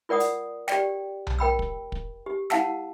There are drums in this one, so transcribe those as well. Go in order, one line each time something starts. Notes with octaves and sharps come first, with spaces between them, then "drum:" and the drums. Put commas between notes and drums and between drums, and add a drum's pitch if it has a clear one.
F4 A#4 D5 F#5 D#6
drum: hi-hat
G4 D5 G5, drum: snare
drum: tom B1
A#4 G5 B5 E6
drum: kick
drum: kick
G4
E4 F5 F#5 A5 E6, drum: snare